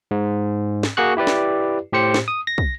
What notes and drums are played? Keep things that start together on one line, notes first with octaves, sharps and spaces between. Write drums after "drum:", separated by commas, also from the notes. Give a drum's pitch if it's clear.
G#2
drum: snare
A#3 F#4 G#4 C#6 F#6
E4 G4 B4 D5
drum: snare
A2 G4 C5 C#7
drum: snare
D#6
A#6
drum: kick